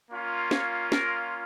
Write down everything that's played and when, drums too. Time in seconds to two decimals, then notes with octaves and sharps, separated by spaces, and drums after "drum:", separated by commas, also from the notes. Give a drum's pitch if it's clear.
0.11 A#3 C#4 F4
0.51 A#4 C#5, drum: snare
0.92 A#4, drum: snare